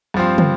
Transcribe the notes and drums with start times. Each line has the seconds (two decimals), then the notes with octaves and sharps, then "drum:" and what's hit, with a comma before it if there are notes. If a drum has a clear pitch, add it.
0.14 G2 F3 C4
0.38 drum: tom